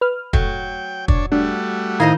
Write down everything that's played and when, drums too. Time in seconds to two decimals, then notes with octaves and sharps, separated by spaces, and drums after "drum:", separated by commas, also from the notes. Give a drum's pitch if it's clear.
0.01 B4 F6
0.33 F#3 A3 G5, drum: kick
1.08 D4 C#5, drum: kick
1.32 G3 A3 D4 F#4
2.00 A2 D#3 D#4 E4 C5 D#5 F5 D#6